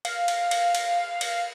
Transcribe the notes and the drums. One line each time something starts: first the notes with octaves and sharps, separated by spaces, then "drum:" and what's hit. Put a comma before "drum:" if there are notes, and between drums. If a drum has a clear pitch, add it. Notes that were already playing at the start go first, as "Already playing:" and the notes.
F5, drum: cymbal
drum: cymbal
drum: cymbal
drum: cymbal
drum: cymbal